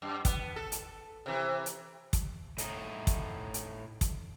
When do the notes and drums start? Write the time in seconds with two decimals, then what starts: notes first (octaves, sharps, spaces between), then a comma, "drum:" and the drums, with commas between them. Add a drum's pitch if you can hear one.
0.02 F#2
0.25 B3, drum: kick, hi-hat
0.56 A4
0.72 drum: hi-hat
1.26 C3 E3
1.66 drum: hi-hat
2.13 drum: kick, hi-hat
2.58 A2 D#4, drum: hi-hat
3.07 drum: kick, hi-hat
3.54 drum: hi-hat
4.01 drum: kick, hi-hat